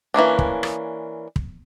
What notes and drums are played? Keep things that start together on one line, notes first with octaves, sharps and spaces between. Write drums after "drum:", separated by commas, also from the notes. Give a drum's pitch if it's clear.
E3 A#3 C#4 D4
drum: kick
drum: rim click
drum: kick